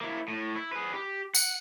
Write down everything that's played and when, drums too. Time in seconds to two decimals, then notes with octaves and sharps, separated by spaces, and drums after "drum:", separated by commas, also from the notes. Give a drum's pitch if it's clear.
0.01 A#3 E4
0.28 A2
0.56 E4
0.73 G#4 B4
0.94 G4
1.35 F#5, drum: tambourine